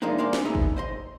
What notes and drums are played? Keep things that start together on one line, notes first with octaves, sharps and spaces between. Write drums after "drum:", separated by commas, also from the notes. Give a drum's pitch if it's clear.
E2 F3 G#3 A#3 D4 D#4
G#3 A#3 C5 D5
drum: snare
A3 B3 D#4 G#4
drum: kick
C5 D#5 C6